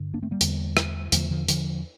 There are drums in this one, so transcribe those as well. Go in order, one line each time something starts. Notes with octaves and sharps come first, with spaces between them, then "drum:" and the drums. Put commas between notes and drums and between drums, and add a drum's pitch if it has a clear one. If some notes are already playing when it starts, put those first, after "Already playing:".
Already playing: G2 D3
A#3 D4
A3 C4
G3 A#3
E2 D3, drum: hi-hat
drum: rim click
E2 D3 F3 A3, drum: hi-hat
D3 F3
D3 F3, drum: hi-hat